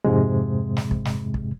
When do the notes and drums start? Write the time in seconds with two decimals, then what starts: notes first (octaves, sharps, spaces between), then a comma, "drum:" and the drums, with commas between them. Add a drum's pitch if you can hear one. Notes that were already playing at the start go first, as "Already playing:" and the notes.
0.05 F2 G#2 C3 G#3
0.77 drum: snare
0.91 drum: kick
1.05 drum: snare
1.34 drum: kick